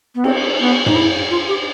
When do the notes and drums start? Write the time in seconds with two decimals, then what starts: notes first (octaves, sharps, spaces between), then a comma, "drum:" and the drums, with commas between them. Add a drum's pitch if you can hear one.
0.15 B3
0.24 C4, drum: cymbal
0.60 B3
0.86 D#4, drum: tom
0.95 E4
1.31 F4
1.48 G4